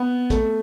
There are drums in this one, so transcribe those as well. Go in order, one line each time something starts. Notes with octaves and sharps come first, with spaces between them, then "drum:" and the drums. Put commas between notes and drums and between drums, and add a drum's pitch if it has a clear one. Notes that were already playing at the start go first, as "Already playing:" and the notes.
Already playing: B3
A3, drum: kick, hi-hat